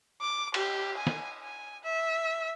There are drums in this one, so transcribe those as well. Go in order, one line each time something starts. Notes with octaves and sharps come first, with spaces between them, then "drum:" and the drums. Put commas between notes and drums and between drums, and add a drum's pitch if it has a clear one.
D6
G4, drum: cymbal
G#5
drum: snare
G#5
E5